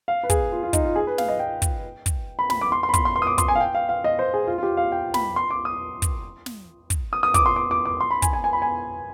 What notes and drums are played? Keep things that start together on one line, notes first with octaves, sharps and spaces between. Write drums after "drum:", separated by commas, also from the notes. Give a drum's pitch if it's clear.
F5
B4
G#4, drum: kick, hi-hat
F4
F4
D#4, drum: kick, hi-hat
F4
G#4
B4
F5, drum: snare
D#5
G5
drum: kick, hi-hat
drum: kick, hi-hat
B5
B5, drum: snare
D6
C6
C6
B5
C6, drum: kick, hi-hat
C6
C6
D#6
D6
C6, drum: kick, hi-hat
G#5
F5
G5
F5
F5
D#5
C5
G#4
F4
F4
G4
F5
G5
B5, drum: snare
C6
D6
D#6
drum: kick, hi-hat
drum: snare
drum: kick, hi-hat
D#6
D#6
D6, drum: kick, hi-hat
C6
D6
D6
D6
C6
B5
G#5, drum: kick, hi-hat
G#5
G#5
B5
G#5